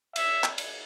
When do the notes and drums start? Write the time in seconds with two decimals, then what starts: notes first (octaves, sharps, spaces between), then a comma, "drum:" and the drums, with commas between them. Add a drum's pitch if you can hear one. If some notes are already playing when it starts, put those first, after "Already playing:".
0.16 E5, drum: cymbal
0.44 drum: clap
0.58 drum: cymbal